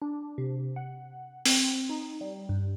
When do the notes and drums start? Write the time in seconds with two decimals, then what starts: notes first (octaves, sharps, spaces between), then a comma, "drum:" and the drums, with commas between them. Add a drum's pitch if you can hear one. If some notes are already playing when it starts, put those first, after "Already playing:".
0.02 D4
0.38 C3
0.76 F#5
1.45 C4, drum: open hi-hat
1.89 D#4
2.21 G3
2.49 G2